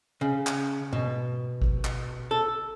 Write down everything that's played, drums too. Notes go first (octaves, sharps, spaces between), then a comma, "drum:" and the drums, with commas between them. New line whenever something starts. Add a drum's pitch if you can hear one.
C#3
drum: clap
B2, drum: tom G#2
drum: kick G#1
drum: clap
A4